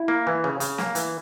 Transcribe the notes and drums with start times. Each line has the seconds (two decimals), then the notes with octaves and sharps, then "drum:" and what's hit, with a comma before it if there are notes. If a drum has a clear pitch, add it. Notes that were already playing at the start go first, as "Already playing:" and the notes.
Already playing: E4
0.08 A#3
0.27 E3
0.44 C#3
0.60 C#3, drum: hi-hat
0.78 A#3, drum: snare
0.95 E3, drum: hi-hat